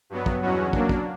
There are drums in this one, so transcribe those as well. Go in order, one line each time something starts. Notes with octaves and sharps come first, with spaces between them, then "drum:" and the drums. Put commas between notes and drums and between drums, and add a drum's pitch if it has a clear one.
G2 F#3 B3
drum: kick
E2 B2 F#3 C#4 F#4
F#3 A#3 D4, drum: kick
drum: kick